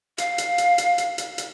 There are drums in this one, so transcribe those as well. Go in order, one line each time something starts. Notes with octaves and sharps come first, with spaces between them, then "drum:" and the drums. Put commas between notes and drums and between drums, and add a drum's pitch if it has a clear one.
F5, drum: hi-hat
drum: hi-hat
drum: hi-hat
drum: hi-hat
drum: hi-hat
drum: hi-hat
drum: hi-hat